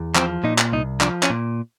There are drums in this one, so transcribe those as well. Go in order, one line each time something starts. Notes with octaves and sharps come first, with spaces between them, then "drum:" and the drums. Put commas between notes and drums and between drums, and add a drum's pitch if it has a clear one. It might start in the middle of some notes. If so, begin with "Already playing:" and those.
Already playing: E2
F3 C4, drum: clap
A#2 D#4
drum: clap
C2 D#4
F3 D4, drum: clap
C#4, drum: clap
A#2